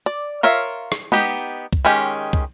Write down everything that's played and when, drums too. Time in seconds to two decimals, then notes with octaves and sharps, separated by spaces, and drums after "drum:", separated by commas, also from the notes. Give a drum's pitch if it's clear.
0.06 D5
0.43 F4 A#4 C#5 E5 F5
0.92 drum: rim click
1.12 B3 D#4 G4, drum: tom G#3
1.73 drum: kick
1.85 D#3 G#3 C#4 G4
2.33 drum: kick